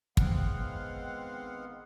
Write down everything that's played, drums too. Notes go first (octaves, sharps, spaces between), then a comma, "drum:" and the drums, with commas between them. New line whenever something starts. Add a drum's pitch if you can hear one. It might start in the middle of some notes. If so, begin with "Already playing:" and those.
D#3 G#3 B3 C4 F5 F#5, drum: kick